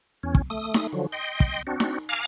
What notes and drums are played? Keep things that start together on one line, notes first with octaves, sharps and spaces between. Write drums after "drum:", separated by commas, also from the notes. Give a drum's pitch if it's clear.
E2 C#4
drum: kick
A3 D#6
drum: snare D#4
D3 F3 F#3
D#5 G5 C6
drum: kick
C4 D4 F#4
drum: snare D#4
F5 G#5 A#5 D6 F6